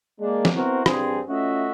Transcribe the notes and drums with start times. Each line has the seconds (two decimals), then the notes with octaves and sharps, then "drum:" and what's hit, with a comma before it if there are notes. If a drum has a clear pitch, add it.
0.20 G#3 A#3 D4
0.45 drum: snare
0.55 B3 C4 E4 F#4 A#4 C5
0.86 G2 C4 G#4, drum: rim click
1.29 A3 C#4 F4 F#4 D#5 E5